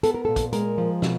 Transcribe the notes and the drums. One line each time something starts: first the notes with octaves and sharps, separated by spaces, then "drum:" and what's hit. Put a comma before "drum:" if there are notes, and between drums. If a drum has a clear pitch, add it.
B3 A4, drum: hi-hat
A#4
A#2 A4
drum: kick, hi-hat
G#3 A#4, drum: hi-hat
F3
B2, drum: snare